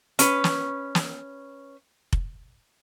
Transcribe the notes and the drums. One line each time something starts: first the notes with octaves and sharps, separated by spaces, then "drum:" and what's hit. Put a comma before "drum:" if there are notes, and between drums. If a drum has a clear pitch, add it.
C#4 B4, drum: hi-hat
drum: snare
drum: snare
drum: kick F1